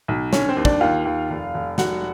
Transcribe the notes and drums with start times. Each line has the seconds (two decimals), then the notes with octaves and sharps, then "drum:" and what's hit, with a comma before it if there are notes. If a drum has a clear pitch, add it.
0.08 B1
0.33 D3 C#4 C#5, drum: snare
0.49 C4 C5
0.57 D#2
0.65 D4 D5, drum: kick
0.80 D#2 F4 F5
1.05 D#2
1.30 F1
1.54 F1
1.78 F1 F#4 F#5, drum: snare